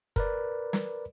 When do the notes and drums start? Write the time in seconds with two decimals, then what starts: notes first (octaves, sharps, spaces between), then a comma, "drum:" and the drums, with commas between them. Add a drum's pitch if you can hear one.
0.16 A#4 B4 D5, drum: kick
0.73 drum: snare